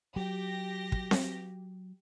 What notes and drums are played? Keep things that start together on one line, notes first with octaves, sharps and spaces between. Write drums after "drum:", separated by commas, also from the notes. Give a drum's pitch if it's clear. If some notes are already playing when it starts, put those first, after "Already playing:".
F#3 G4 A#6
drum: kick
drum: snare C4